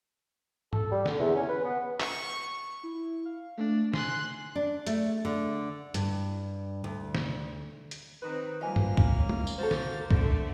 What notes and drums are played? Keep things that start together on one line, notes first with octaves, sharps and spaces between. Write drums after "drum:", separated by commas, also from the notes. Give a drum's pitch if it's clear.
A4, drum: tom G#2
G3
D3, drum: snare
E2
C#4
B4
B3
C#6, drum: clap
E4
F5
A3 D4
G#5 C6 F#6, drum: snare
D4
A3, drum: hi-hat
D3
G2, drum: hi-hat
D2
drum: snare
drum: hi-hat
D#3 C4 B4
F3 G3 A#3 D#5 G#5 F6
drum: tom
drum: kick
C#4
drum: tom
drum: tambourine
F#4 A4 C5 A6
drum: snare
D3 A3 A4, drum: kick